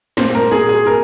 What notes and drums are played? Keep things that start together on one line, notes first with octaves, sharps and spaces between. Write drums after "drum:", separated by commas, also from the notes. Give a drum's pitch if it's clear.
A#2 C5, drum: snare
A#4
A#2 G#4
G#4
A#2 A#4